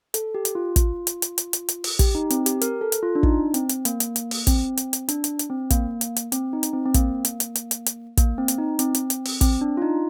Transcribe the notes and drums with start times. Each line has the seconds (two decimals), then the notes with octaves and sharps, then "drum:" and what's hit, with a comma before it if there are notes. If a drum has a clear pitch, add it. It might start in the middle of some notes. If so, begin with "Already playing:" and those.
0.14 A4, drum: hi-hat
0.35 G4
0.45 drum: hi-hat
0.55 F4
0.76 drum: kick, hi-hat
1.07 drum: hi-hat
1.22 drum: hi-hat
1.38 drum: hi-hat
1.53 drum: hi-hat
1.69 drum: hi-hat
1.84 drum: open hi-hat
1.99 G4, drum: kick, hi-hat
2.15 D#4
2.30 C4, drum: hi-hat
2.46 G4, drum: hi-hat
2.61 A#4, drum: hi-hat
2.81 A4
2.92 drum: hi-hat
3.03 F4
3.15 D4
3.23 D#4, drum: kick
3.54 C4, drum: hi-hat
3.69 drum: hi-hat
3.85 A#3, drum: hi-hat
4.00 drum: hi-hat
4.16 drum: hi-hat
4.31 drum: open hi-hat
4.47 C4, drum: kick, hi-hat
4.77 drum: hi-hat
4.93 drum: hi-hat
5.09 D4, drum: hi-hat
5.24 drum: hi-hat
5.39 drum: hi-hat
5.50 C4
5.70 A#3, drum: kick, hi-hat
6.01 drum: hi-hat
6.16 drum: hi-hat
6.32 C4, drum: hi-hat
6.53 D#4
6.63 drum: hi-hat
6.73 C4
6.86 C4
6.94 A#3, drum: kick, hi-hat
7.25 drum: hi-hat
7.40 drum: hi-hat
7.55 drum: hi-hat
7.71 drum: hi-hat
7.86 drum: hi-hat
8.17 A#3, drum: kick, hi-hat
8.38 C4
8.48 drum: hi-hat
8.58 D#4
8.79 C4, drum: hi-hat
8.95 drum: hi-hat
9.10 drum: hi-hat
9.25 drum: open hi-hat
9.41 C4, drum: kick, hi-hat
9.61 D4
9.77 F4
9.82 D#4